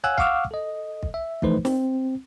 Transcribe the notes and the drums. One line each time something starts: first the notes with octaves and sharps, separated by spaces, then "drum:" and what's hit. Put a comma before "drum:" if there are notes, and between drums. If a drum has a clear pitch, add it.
C#5 F5 F#5 G#5 E6 F#6
F5 F#5 C#6 D6 E6 F6, drum: kick
A4 D#5
drum: kick
E5
E3 F3 A3 D#4 B4 C5, drum: kick
C4, drum: snare